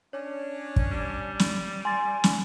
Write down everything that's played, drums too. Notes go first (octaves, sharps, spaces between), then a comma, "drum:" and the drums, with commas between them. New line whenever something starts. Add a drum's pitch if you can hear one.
C#4 D4 C#5
drum: kick
G3
drum: snare
G#5 C6 A6
drum: snare